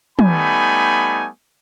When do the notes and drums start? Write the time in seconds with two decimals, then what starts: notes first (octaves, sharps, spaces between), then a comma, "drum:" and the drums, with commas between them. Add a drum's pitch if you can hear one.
0.19 G3 A3 B3 D#4 G#5 B5, drum: tom